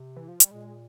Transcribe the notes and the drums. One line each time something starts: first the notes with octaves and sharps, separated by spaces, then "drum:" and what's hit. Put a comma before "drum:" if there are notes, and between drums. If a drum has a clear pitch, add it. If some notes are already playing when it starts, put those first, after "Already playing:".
Already playing: C3
E3
F3
G3, drum: hi-hat
A#2 G#3